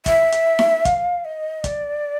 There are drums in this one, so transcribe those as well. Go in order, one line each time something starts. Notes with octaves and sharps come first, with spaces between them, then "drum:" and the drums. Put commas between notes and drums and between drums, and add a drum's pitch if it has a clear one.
E5, drum: kick, hi-hat
drum: hi-hat
drum: snare D#4
F5, drum: kick, hi-hat
D#5
D5, drum: kick, hi-hat